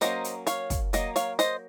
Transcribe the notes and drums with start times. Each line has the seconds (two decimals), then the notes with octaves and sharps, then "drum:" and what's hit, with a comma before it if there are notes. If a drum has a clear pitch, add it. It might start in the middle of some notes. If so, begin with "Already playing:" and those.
0.01 F#3 A#3 C#4 C5 D#5, drum: hi-hat
0.24 drum: hi-hat
0.47 C#5 F5, drum: hi-hat
0.70 drum: kick, hi-hat
0.93 F#3 A#3 D#5, drum: hi-hat
1.16 C#5 F5, drum: hi-hat
1.39 C5 D#5, drum: hi-hat